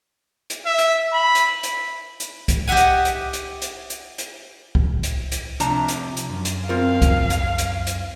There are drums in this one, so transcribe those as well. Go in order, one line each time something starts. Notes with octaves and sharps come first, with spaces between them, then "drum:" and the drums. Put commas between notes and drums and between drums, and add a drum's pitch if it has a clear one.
drum: hi-hat
E5
drum: hi-hat
B5
drum: hi-hat
drum: hi-hat
drum: hi-hat
drum: kick C2, hi-hat
G4 D#5 E5 F#5 G#5
drum: hi-hat
drum: hi-hat
drum: hi-hat
drum: hi-hat
drum: hi-hat
drum: hi-hat
drum: kick C2
drum: hi-hat
drum: hi-hat
C3 F3 D4 A5 A#5, drum: hi-hat
drum: hi-hat
drum: hi-hat
F#2
drum: hi-hat
C4 F4 A#4 F5
drum: kick C2, hi-hat
drum: hi-hat
drum: hi-hat
drum: hi-hat